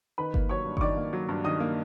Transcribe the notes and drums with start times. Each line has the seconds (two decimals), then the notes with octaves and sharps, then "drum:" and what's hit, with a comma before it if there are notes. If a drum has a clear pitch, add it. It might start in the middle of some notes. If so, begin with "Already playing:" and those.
0.18 D#3 B4 B5
0.34 A#3, drum: kick G1
0.49 F#3 C#5 C#6
0.65 G2
0.77 C#6, drum: kick G1
0.81 D#3 D5 D6
0.97 A#3
1.13 F#3
1.29 G2
1.44 D#3 D#5 D#6
1.60 A#3